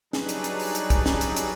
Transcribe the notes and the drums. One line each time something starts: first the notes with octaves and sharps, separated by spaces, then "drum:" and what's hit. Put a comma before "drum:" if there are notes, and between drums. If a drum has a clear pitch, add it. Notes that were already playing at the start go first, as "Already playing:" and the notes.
F#3 G3 D4 D#4 G#4 B4, drum: snare
drum: hi-hat
drum: hi-hat
drum: open hi-hat
drum: hi-hat
drum: kick, hi-hat
drum: snare
drum: hi-hat
drum: hi-hat